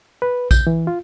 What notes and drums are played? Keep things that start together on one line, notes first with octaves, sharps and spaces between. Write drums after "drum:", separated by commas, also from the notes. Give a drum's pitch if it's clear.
B4
G6, drum: kick A#1, tambourine
E3
F4